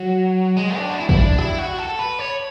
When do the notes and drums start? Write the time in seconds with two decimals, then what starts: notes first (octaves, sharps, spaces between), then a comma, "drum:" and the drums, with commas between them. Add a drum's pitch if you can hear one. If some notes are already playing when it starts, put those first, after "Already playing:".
Already playing: F#3
0.57 G#3
0.77 D4
0.89 F#4
0.97 E4
1.09 E4, drum: kick
1.17 D4
1.39 E4, drum: rim click
1.58 F#4
1.78 A4
1.99 B4
2.19 C#5